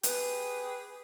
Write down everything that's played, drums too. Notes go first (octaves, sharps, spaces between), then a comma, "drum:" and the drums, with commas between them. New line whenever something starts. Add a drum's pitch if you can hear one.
G4 G#4 B4, drum: hi-hat